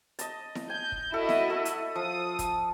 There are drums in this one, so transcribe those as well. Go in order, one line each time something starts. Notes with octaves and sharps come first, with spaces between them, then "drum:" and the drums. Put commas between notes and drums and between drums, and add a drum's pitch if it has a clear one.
D#5 A5, drum: hi-hat
drum: snare E4
G#5 G6
drum: kick
E4 F#4 A4 D#5
drum: snare E4
A4 E5
drum: hi-hat
F3 D#6
drum: kick, hi-hat